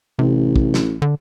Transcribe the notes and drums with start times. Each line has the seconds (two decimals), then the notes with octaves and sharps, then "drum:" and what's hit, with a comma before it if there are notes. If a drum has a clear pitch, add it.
0.19 A1 C3
0.56 drum: kick
0.74 drum: snare
1.02 D3